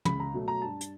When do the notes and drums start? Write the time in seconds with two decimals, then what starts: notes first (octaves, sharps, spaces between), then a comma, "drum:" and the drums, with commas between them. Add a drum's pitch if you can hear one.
0.05 C#2 B5, drum: tom
0.20 A#5
0.33 B2 F#3 A3
0.48 A#5
0.62 G2 A5
0.81 drum: hi-hat